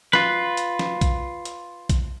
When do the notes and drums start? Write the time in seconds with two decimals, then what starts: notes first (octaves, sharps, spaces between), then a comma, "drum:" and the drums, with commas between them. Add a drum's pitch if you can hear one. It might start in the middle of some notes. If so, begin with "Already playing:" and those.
0.13 F4 B4, drum: snare
0.57 drum: hi-hat
0.79 drum: snare
1.01 drum: kick A#1, hi-hat
1.45 drum: hi-hat
1.90 drum: kick A#1, hi-hat